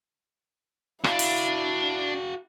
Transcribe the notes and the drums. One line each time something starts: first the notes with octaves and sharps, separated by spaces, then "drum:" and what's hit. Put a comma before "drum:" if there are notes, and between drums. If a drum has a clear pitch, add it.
D4 E4 F#4 F5, drum: rim click
drum: open hi-hat